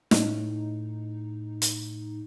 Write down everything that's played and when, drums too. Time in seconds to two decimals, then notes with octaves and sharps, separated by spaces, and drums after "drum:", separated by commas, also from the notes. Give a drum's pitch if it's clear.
0.11 A2 D#4, drum: snare
1.62 drum: hi-hat